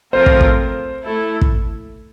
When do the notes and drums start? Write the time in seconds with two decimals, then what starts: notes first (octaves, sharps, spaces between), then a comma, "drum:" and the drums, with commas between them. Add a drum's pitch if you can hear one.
0.13 F3 A3 C4 F4 A#4 C5
0.26 drum: kick
0.41 drum: kick
1.03 A3 E4 A4
1.41 drum: kick